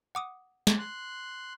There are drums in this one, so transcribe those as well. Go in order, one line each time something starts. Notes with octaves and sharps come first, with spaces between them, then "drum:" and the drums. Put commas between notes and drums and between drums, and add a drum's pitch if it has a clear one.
F#5 D6 D#6
drum: snare
C6 F#6